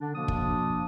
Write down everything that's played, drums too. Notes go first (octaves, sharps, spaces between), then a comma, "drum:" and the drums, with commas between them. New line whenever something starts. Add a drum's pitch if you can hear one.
D3 D4
B2 F3 A#3 D4 D#6
drum: kick